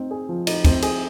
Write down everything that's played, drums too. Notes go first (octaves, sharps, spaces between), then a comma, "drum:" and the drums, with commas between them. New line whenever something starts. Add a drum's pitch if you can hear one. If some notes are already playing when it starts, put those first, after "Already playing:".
Already playing: C4 D#4
G#4
F3
D#4, drum: cymbal
C4, drum: kick, cymbal
G#4, drum: cymbal